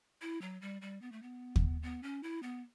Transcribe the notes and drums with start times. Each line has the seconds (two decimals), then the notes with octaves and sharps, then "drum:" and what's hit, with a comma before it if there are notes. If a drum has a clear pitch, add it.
0.22 E4
0.42 F#3
0.62 G3
0.82 G3
1.02 B3
1.12 A3
1.22 B3
1.56 drum: kick
1.82 B3
2.03 C#4
2.23 E4
2.43 B3